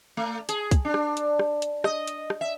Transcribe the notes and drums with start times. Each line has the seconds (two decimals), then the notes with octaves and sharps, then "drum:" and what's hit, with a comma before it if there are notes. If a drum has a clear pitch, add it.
0.17 A3
0.49 G#4, drum: hi-hat
0.71 drum: kick, hi-hat
0.85 D4
0.94 drum: rim click
1.17 drum: hi-hat
1.39 drum: rim click
1.62 drum: hi-hat
1.84 D#5, drum: rim click
2.07 drum: hi-hat
2.30 drum: rim click
2.41 E5